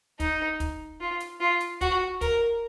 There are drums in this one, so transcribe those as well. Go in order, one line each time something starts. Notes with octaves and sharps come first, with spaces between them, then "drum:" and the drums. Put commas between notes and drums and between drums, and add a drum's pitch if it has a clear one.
D#4, drum: kick, hi-hat
drum: kick, hi-hat
F4
drum: hi-hat
F4
drum: hi-hat
F#4, drum: kick, hi-hat
A#4, drum: kick, hi-hat